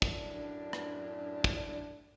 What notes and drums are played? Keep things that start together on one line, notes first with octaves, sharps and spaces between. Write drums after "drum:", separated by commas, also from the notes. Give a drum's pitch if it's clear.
F#2 A2 D4, drum: kick
drum: rim click
drum: kick